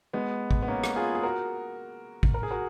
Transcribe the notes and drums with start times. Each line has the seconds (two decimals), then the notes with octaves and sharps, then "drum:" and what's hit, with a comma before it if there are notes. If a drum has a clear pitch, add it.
0.13 G#3 B3
0.51 drum: kick A1
0.62 B3
0.68 A#3 C#4
0.84 drum: rim click
0.96 F4 G#4
1.15 G#4
1.23 F#4 A#4
2.23 drum: kick A1
2.34 A#4
2.43 G#4
2.51 F#4 A#4